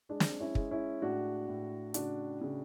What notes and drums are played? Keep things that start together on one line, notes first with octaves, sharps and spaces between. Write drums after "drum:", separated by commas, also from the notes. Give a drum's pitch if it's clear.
G#3 D4
drum: snare
C#4 E4
G#3, drum: kick
C#4 E4
A2 D4 F#4
A2
C#3 D4 F#4, drum: hi-hat
C#3